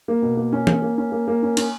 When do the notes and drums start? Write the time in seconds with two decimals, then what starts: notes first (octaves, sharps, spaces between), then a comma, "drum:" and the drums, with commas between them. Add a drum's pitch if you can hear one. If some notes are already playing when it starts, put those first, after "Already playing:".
0.08 A#3
0.22 B2
0.37 A#3
0.52 C#4
0.67 A#3, drum: tom E3
0.82 A#3
0.98 C#4
1.12 A#3
1.28 A#3
1.43 C#4
1.57 C#4, drum: cymbal